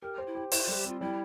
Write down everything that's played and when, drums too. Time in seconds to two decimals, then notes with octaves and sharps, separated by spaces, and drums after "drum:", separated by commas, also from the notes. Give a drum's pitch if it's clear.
0.02 G4 A#4
0.18 C5
0.27 E4
0.35 G4
0.51 E4 C5, drum: open hi-hat
0.64 F4
0.67 G3 A4
0.76 G4
0.85 C4 F4
1.01 G3 E4